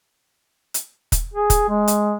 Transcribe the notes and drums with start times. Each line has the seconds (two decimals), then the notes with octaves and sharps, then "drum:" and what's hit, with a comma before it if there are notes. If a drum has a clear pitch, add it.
0.74 drum: hi-hat
1.12 drum: kick, hi-hat
1.33 G#4
1.50 drum: kick, hi-hat
1.69 G#3
1.88 drum: hi-hat